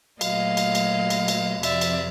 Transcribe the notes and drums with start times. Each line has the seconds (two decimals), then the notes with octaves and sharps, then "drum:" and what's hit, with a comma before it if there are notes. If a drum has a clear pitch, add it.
0.21 A#2 F#3 A3 D#5 F5, drum: cymbal
0.57 drum: cymbal
0.75 drum: cymbal
1.10 drum: cymbal
1.28 drum: cymbal
1.63 F2 C3 F3 D5 E5, drum: cymbal
1.81 drum: cymbal